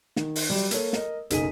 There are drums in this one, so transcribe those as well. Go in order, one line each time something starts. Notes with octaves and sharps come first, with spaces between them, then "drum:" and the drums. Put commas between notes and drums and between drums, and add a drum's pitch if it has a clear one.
D#3, drum: snare
drum: open hi-hat
F#3 G3
A#3 A4 C#5, drum: hi-hat
A#4 D#5, drum: snare
F#1 B1 D#4 G#4 B6 D#7, drum: hi-hat